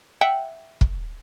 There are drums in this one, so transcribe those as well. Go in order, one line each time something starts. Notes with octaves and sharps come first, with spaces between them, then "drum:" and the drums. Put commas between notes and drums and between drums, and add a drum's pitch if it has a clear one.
E5 F#5 G5
drum: kick